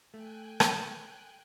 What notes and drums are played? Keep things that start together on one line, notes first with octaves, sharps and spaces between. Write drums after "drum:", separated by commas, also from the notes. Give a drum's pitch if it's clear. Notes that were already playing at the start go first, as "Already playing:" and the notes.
A3 G5 G#5 F#6
drum: rim click